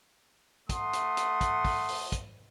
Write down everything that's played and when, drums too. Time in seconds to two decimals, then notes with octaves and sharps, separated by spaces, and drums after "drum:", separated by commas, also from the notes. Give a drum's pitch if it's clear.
0.69 A3 F#5 C6 D#6, drum: kick, hi-hat
0.93 drum: hi-hat
1.17 drum: hi-hat
1.41 drum: kick, hi-hat
1.65 drum: kick, open hi-hat
1.88 drum: open hi-hat
2.12 drum: kick, hi-hat